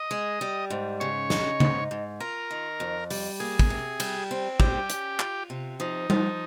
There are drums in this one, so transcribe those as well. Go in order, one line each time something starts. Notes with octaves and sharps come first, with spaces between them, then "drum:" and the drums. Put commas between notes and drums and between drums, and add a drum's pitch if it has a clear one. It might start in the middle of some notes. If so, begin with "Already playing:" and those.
Already playing: D#5
G#3
G3
G#2
C#3 C#5
D#4, drum: snare
G#2, drum: tom C#3
G#2
F4 A#4
D#3
F2
G3, drum: open hi-hat
A#3 G#4
drum: kick
C3
G3, drum: cymbal
C4
G3 G4, drum: kick
C#4, drum: hi-hat
F4, drum: clap
C3
F3 D#4
F3, drum: tom G3